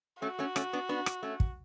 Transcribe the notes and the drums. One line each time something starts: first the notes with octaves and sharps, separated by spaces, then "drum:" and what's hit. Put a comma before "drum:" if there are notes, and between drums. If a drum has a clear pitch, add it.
A3 C#4 F#4
A3 C#4
A3 C#4, drum: rim click
B3 D4
B3 D4
drum: rim click
A3 C#4
drum: kick